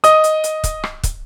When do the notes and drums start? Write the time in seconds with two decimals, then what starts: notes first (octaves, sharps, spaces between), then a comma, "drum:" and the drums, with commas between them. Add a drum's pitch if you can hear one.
0.04 D#5 D#6, drum: hi-hat
0.24 drum: hi-hat
0.44 drum: hi-hat
0.64 drum: kick, hi-hat
0.84 drum: rim click
1.03 drum: kick, hi-hat